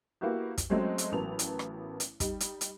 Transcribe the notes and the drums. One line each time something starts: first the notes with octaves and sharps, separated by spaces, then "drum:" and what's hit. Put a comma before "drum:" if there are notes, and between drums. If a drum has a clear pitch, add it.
A#3 B3 E4 F#4 G4
drum: kick, hi-hat
F#3 G#3 A3 C4 C#4
drum: hi-hat
A1 F#3 B3 A#4 A5 F7
drum: hi-hat
drum: rim click
drum: hi-hat
G3 D#4, drum: kick, hi-hat
drum: hi-hat
drum: hi-hat